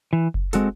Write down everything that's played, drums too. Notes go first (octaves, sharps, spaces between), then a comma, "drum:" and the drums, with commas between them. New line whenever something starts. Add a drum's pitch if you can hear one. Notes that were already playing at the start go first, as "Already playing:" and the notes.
E3
drum: kick F#1
G#3 C4 F#4 A4, drum: hi-hat